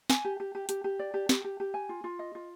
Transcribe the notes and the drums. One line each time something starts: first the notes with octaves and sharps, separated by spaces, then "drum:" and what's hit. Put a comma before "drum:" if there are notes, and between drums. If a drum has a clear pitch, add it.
G#5, drum: snare
G4
G4
G4
G4, drum: hi-hat
G4
D5
G4
G4, drum: snare
G4
G4
G#5
F4
F4
D#5
F4